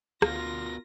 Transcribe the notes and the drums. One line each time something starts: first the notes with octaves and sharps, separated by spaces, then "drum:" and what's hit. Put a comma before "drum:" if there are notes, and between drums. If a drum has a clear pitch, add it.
D2 B3 F4 F#4 A#4 A#6, drum: rim click